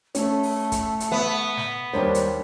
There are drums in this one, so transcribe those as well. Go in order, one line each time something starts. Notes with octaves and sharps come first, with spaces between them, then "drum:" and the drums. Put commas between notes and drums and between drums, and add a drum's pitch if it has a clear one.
A3 C#4, drum: hi-hat
drum: open hi-hat
drum: kick, hi-hat
drum: hi-hat
B3 E5
drum: snare
D#2 G3 D4 A#4 C5 C#5
drum: hi-hat